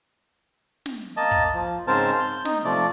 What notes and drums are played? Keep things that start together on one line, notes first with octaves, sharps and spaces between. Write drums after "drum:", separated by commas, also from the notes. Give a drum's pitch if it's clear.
drum: snare
A#3 D#5 A5
drum: kick
F3
G#2 C#3 C4 A#4 C5 A5
G6
D#4, drum: snare
C3 F3 A3 D5